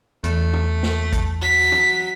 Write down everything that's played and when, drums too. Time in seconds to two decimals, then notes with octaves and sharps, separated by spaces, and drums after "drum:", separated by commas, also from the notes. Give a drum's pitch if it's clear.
0.24 E2 A3, drum: hi-hat
0.53 drum: tom
0.83 drum: snare
1.13 drum: kick A1, hi-hat
1.42 F#3 B6
1.72 drum: tom